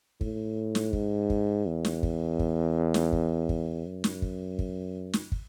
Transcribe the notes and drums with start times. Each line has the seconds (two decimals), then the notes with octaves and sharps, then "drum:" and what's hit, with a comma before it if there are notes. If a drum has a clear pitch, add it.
0.21 A2, drum: kick
0.75 drum: snare
0.93 G#2, drum: kick
1.30 drum: kick
1.67 E2
1.85 drum: snare
2.03 drum: kick
2.39 drum: kick
2.94 drum: snare
3.12 drum: kick
3.49 drum: kick
3.86 F#2
4.04 drum: snare
4.22 drum: kick
4.59 drum: kick
5.13 drum: snare
5.32 drum: kick